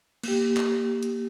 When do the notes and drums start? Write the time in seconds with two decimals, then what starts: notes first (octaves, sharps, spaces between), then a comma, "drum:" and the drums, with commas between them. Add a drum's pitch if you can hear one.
0.23 A#3 G4, drum: cymbal
0.57 drum: clap
1.03 drum: hi-hat